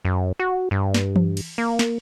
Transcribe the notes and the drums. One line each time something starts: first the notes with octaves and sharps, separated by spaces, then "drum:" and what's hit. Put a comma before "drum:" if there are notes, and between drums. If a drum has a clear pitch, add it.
F#2
F#4
G2
drum: snare
drum: tom E3
drum: cymbal
A#3
drum: snare